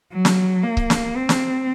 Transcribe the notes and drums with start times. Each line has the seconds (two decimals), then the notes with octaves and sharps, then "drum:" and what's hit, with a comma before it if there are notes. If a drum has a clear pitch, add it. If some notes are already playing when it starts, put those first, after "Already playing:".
0.12 F#3
0.25 drum: snare
0.63 A#3
0.77 drum: kick C#1
0.90 drum: snare
1.16 C4
1.29 drum: snare